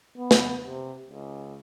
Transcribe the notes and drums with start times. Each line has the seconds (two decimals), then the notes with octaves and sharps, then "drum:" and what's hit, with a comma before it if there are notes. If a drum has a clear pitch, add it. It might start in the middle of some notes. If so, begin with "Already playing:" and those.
0.18 B3
0.31 drum: snare
0.67 C3
1.11 C#2